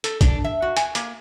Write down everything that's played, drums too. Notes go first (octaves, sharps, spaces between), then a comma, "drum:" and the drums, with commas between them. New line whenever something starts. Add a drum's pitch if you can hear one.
A4, drum: hi-hat
D4, drum: kick, hi-hat
E5
F#4
G#5, drum: hi-hat
A#3, drum: hi-hat